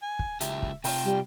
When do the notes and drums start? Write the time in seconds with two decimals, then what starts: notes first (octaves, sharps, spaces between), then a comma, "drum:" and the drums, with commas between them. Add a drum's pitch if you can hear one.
0.02 G#5
0.19 drum: kick
0.41 C#2 G4 E5, drum: hi-hat
0.62 drum: kick
0.84 C3 F4 G5, drum: open hi-hat
1.04 G3